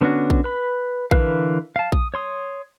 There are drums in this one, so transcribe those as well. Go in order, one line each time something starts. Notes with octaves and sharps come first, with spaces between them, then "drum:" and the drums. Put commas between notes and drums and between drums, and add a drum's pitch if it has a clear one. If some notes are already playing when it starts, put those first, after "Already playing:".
D3 B3 C#4 D4 F#4
drum: kick A#1
B4 B5
D3 E3 A#4 B4 F5, drum: kick A#1
F5 A5
D#6, drum: kick A#1
C#5 C6 D#6